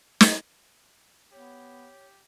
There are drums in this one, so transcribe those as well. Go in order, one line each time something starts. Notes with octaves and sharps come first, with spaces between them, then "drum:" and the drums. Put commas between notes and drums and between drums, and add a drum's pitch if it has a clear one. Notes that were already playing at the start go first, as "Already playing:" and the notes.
drum: snare
B3 G4 C#5